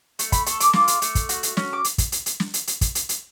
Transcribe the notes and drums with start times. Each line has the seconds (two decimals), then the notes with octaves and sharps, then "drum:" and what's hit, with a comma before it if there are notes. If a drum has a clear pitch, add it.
0.19 A3, drum: hi-hat
0.32 B5, drum: kick, hi-hat
0.46 A4 C#6, drum: hi-hat
0.60 D6, drum: hi-hat
0.73 F4 D6, drum: snare
0.88 drum: hi-hat
1.02 A3, drum: hi-hat
1.15 drum: kick, hi-hat
1.29 F#4, drum: hi-hat
1.43 drum: hi-hat
1.57 C#4, drum: snare
1.73 D6
1.84 drum: hi-hat
1.98 drum: kick, hi-hat
2.12 drum: hi-hat
2.26 drum: hi-hat
2.40 drum: snare
2.54 drum: hi-hat
2.67 drum: hi-hat
2.81 drum: kick, hi-hat
2.95 drum: hi-hat
3.09 drum: hi-hat